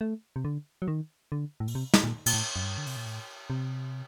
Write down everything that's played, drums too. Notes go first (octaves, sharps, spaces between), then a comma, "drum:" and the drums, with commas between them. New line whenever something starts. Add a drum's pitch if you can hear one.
A3
C3
D3
F#3
D#3
D3
A2
A#2, drum: open hi-hat
C3
drum: snare
A#2
A#2, drum: cymbal
A2
F#2
G2
D3
C3, drum: open hi-hat
A#2
A2
C3